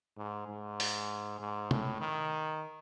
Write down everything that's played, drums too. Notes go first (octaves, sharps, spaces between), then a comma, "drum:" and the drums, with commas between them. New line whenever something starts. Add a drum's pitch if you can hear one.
G#2
G#2
drum: open hi-hat
G#2
A2, drum: tom
D#3